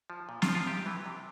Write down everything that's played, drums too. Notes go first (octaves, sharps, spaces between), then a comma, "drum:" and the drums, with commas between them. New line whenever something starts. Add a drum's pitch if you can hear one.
F3
A#2
F4, drum: snare
F3
F4
C3 G4
E3
C3